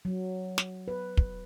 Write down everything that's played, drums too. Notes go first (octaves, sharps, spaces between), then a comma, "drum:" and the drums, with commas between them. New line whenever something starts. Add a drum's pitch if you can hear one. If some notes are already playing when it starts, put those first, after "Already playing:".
F#3
drum: snare
B4
drum: kick